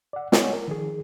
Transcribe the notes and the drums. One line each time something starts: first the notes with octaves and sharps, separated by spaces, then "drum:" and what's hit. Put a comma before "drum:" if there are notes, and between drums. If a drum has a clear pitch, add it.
D5 F#5
C#5 D#5 F#5 G#5, drum: snare
A#4
D#3 F3 G#4